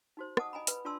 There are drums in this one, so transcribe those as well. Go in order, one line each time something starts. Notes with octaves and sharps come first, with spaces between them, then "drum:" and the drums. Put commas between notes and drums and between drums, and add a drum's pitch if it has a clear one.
D#4 F#4 C5
D#5 F#5 A5 D6 D#6, drum: rim click
D#5 G#5 A#5 B5
B4 B5, drum: hi-hat
D4 F4 D5 A5 C6 E6